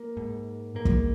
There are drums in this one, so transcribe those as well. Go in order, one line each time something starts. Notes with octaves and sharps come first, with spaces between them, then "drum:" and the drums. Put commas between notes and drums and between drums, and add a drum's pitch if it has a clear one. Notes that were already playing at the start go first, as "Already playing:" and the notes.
Already playing: A#3
G#2
G#2 A#3
drum: kick